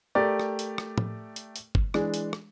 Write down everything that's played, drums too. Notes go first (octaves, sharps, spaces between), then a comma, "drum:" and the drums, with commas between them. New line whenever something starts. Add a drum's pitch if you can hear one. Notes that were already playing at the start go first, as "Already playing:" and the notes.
A3 G4 A#4 D5
drum: rim click
drum: hi-hat
drum: rim click
drum: tom A2
drum: hi-hat
drum: hi-hat
drum: kick G1
E3 G#3 D4, drum: rim click
drum: hi-hat
drum: rim click